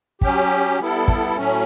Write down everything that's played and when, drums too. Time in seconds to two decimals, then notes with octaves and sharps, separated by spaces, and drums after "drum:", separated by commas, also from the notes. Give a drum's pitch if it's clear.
0.21 F#3 C#4 G4, drum: kick
0.79 G3 B3 E4 A4
1.08 drum: kick
1.37 A2 F#3 A3 C#4